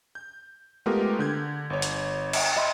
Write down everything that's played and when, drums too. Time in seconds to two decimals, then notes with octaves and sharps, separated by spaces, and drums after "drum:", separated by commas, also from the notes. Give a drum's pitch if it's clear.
0.15 G6
0.86 G#3 A3 B3 F4 G4 A#4
1.19 D3 G6 G#6
1.70 G1 C#5
1.82 drum: hi-hat
2.33 drum: cymbal
2.56 D#5 E5 B5 C6